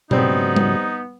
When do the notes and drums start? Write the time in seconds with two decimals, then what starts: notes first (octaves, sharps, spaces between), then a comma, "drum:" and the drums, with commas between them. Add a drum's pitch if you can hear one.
0.11 G#2 C#3 F#3 G3 B3 C4 D#4, drum: tom B2
0.56 drum: tom G3